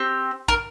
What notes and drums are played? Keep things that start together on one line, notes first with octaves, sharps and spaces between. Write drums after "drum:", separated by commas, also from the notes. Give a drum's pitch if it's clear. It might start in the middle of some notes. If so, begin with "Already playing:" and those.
Already playing: C4 G4
A#4, drum: kick